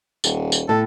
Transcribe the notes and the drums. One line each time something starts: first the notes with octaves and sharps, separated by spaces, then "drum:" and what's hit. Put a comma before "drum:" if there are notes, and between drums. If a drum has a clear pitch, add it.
D#1, drum: tambourine
drum: tambourine
A2 A4